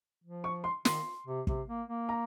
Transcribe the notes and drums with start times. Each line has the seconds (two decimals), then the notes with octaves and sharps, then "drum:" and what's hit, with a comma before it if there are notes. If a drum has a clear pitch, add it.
0.24 F3
0.44 C#6
0.64 C6
0.85 D#3 C6, drum: snare
1.27 C3
1.47 C3, drum: kick
1.68 A#3
1.88 A#3
2.09 A#5